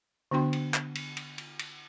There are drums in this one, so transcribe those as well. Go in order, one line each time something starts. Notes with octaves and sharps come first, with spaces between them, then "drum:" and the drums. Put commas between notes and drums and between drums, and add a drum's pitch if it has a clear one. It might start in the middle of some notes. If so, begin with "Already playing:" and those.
D3 B3 D4 F#4 G5 C6
drum: cymbal
drum: clap
drum: cymbal
drum: cymbal
drum: cymbal
drum: cymbal